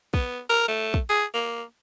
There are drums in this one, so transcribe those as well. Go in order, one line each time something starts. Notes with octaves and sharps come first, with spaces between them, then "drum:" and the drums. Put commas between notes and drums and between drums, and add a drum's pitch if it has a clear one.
B3, drum: kick
A#4
A3
drum: kick
G#4
A#3